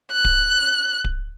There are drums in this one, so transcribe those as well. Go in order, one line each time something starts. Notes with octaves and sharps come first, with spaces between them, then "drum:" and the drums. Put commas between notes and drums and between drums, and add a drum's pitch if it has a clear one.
F#6
drum: kick D1
drum: kick D1